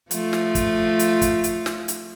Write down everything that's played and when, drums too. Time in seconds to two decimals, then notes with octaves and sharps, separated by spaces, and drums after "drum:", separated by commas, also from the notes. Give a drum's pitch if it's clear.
0.11 F3 A3 F4, drum: hi-hat
0.33 drum: snare
0.55 drum: kick, hi-hat
0.99 drum: hi-hat
1.22 drum: kick, hi-hat
1.44 drum: hi-hat
1.66 drum: snare
1.88 drum: hi-hat